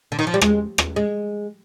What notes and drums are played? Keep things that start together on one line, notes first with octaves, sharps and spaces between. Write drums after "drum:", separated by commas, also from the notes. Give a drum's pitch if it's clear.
D3
D#3
F3
G3
G#3, drum: rim click
drum: rim click
G#3